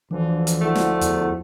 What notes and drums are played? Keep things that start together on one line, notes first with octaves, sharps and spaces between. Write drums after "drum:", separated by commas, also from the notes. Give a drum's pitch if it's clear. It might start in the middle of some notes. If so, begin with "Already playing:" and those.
D2 D3 E3 F3 D4
drum: hi-hat
A3 E4 C5 F#5
drum: snare
E2, drum: hi-hat